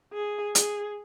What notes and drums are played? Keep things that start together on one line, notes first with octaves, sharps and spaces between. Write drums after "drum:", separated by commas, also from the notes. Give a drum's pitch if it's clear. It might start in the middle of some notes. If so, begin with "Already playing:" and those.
G#4
G#4, drum: hi-hat